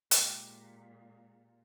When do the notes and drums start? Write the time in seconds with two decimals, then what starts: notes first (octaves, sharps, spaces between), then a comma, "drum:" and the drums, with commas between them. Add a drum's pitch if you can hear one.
0.11 A#2 G#3 G4, drum: hi-hat